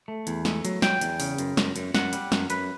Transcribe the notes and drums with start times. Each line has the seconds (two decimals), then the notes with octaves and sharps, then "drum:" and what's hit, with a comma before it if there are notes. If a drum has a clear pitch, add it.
0.08 A3
0.27 E2, drum: hi-hat
0.45 A3, drum: snare
0.65 F#3, drum: hi-hat
0.82 F#3 G5, drum: snare
1.01 E2, drum: hi-hat
1.20 C#3, drum: open hi-hat
1.38 F#2, drum: hi-hat
1.57 F#2, drum: snare
1.76 F#2, drum: hi-hat
1.94 F#2 F#5, drum: snare
2.13 G3, drum: hi-hat
2.32 F#2, drum: snare
2.50 F#2 B4, drum: hi-hat